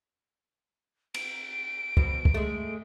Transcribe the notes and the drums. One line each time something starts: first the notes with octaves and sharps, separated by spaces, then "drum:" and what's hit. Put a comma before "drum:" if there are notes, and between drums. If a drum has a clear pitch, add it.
D7, drum: cymbal
B2, drum: kick
drum: kick
G#3 A3